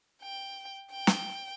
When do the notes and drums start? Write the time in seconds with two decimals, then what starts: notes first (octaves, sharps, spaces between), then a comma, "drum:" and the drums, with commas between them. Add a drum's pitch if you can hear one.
0.23 G5
0.92 G5
1.07 drum: snare